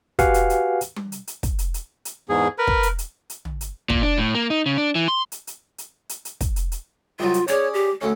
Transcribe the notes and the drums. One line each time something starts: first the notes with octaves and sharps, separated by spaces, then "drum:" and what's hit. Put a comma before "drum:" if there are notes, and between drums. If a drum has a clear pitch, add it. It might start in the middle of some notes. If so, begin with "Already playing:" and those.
F#4 G4 B4 F5 F#5 G#5, drum: kick, hi-hat
drum: hi-hat
drum: hi-hat
drum: hi-hat
drum: tom G3
drum: hi-hat
drum: hi-hat
drum: kick, hi-hat
drum: hi-hat
drum: hi-hat
drum: hi-hat
E2 G#2 G#4
A#4 B4
drum: kick
drum: hi-hat
drum: hi-hat
drum: hi-hat
drum: tom
drum: hi-hat
A#2, drum: kick
D4
A2
A#3
D#4
C#3
D4
E3
C6
drum: hi-hat
drum: hi-hat
drum: hi-hat
drum: hi-hat
drum: hi-hat
drum: kick, hi-hat
drum: hi-hat
drum: hi-hat
C2 F#3 F4
drum: hi-hat
C#4 G#4 C#5 D5, drum: hi-hat
G4
D2 C#4 A4